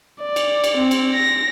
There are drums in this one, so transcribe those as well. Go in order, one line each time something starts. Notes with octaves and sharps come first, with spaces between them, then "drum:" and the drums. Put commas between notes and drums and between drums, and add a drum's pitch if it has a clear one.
D5
drum: cymbal
drum: cymbal
C4
drum: cymbal
A#6